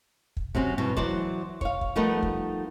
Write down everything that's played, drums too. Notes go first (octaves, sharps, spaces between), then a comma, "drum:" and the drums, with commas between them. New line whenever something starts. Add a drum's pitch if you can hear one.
drum: kick
C3 F#3 C4 C#4, drum: kick
G2 B2 E3
E3 F#3 C5 D5, drum: kick
C#5 F5, drum: kick
drum: kick
F3 G3 A3 B3 D#4 A#4
drum: kick